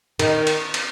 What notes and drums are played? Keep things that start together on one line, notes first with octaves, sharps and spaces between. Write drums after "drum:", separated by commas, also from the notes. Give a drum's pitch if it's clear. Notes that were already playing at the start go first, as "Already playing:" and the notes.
D#3, drum: cymbal
drum: cymbal
drum: cymbal